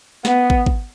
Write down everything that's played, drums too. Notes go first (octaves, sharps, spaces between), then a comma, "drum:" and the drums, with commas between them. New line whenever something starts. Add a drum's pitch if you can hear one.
B3, drum: snare
drum: kick
drum: kick